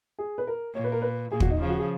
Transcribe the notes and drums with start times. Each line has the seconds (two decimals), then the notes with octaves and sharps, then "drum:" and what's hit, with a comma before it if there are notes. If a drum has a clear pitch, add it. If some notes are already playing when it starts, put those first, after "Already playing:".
0.19 G#4
0.38 B4
0.47 A#4
0.75 A#2 C#5
0.84 B4
0.92 A#4
1.02 B4
1.31 A#2 G#4
1.40 F#4, drum: kick
1.50 D#4
1.59 C#3 F3 F4
1.69 F#4
1.79 G#4